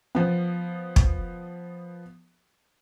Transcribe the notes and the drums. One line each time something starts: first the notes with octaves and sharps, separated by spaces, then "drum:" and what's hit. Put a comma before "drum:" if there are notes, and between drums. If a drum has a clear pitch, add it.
F3 B3
drum: kick